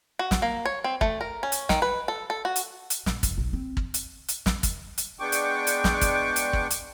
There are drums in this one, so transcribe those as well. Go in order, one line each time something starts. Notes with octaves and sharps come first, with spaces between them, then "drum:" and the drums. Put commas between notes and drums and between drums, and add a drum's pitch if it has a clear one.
F#4
drum: snare
A#3
C#5
C4
A3, drum: kick
A#4
C#4
drum: hi-hat
D#3, drum: snare
B4
A4
A4
F#4
drum: hi-hat
drum: hi-hat
A#2, drum: snare
F#1, drum: kick, hi-hat
B1
C4
drum: kick
drum: hi-hat
drum: hi-hat
drum: snare
drum: kick, hi-hat
drum: hi-hat
G#3 B3 D4 G5 C#6 D6
drum: hi-hat
drum: hi-hat
drum: snare
drum: kick, hi-hat
drum: hi-hat
drum: kick
drum: hi-hat